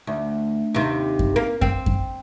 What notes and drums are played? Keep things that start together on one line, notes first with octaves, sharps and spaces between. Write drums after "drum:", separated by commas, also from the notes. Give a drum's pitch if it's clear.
D2
D#2 C3
drum: kick F#2
A#3
C4, drum: kick F#2
drum: kick F#2